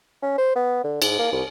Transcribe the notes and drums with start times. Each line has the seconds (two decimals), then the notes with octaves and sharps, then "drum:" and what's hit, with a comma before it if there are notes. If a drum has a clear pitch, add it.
0.22 C#4
0.38 C5
0.56 B3
0.84 D3
1.02 G#2, drum: cymbal
1.19 A#3
1.33 C2